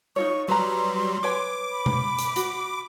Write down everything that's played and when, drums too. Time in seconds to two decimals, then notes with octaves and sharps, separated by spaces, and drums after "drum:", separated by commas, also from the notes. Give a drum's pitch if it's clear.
0.16 D#4 F4 C#5 C#6
0.48 F#3 G3 B4 A#5 C6
1.23 B4 C#5 G#5 D6
1.71 B5
1.86 drum: tom B2
2.19 drum: hi-hat
2.36 F#4, drum: hi-hat